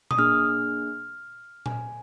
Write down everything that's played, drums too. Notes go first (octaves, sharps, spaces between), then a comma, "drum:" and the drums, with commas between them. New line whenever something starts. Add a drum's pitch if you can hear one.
D#6, drum: tom A#2
A#3 D4 G#4 F6
G#5, drum: tom A#2